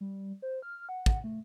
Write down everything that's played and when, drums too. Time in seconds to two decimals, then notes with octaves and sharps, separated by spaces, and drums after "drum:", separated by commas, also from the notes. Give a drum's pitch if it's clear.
0.01 G3
0.42 C5
0.62 F6
0.89 F#5
1.06 drum: kick
1.24 A3